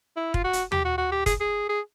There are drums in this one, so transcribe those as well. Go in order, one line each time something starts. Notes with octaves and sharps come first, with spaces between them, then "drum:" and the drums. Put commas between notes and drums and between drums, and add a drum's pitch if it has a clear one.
E4
F4, drum: kick
F#4
drum: hi-hat
G4, drum: tom D#2
F#4
F#4
G4
G#4, drum: kick, hi-hat
G#4
G#4